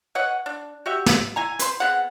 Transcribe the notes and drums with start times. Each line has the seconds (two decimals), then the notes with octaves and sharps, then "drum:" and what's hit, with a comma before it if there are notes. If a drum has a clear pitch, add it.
0.15 B4 C#5 D#5 F#5
0.46 D4
0.86 F#4 G4 E5
1.06 drum: snare
1.36 E4 G#5 A#5
1.59 B4 C5 C6, drum: hi-hat
1.80 B3 C4 G#4 F#5